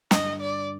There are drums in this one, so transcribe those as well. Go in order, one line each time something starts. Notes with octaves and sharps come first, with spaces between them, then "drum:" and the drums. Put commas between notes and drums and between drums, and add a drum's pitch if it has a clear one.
G2 D3 G3 D#5, drum: snare
D5